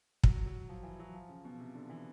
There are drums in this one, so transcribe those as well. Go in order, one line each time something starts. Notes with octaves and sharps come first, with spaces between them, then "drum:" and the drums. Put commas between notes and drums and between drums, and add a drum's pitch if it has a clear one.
F#3, drum: kick
F#3
F3
E3
F#3
F3
C#3
B2
C3
D3
E3